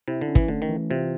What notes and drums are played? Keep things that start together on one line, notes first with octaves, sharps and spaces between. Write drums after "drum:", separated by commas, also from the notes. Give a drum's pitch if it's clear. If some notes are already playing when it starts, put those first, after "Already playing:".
C3 E4
D3
C#4
E3, drum: kick
D3 A3
D#3
E3
C3 F4